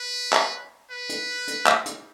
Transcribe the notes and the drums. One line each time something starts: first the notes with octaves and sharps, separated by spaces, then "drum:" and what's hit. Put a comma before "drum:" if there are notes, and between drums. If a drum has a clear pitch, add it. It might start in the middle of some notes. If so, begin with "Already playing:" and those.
Already playing: B4
drum: clap
B4
drum: hi-hat
drum: hi-hat
drum: clap
drum: hi-hat